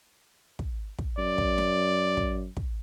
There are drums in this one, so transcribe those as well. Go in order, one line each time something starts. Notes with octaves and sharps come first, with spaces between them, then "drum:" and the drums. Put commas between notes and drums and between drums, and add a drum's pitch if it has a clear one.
drum: kick
drum: kick
F#2 D5
drum: kick
drum: snare
drum: kick
drum: kick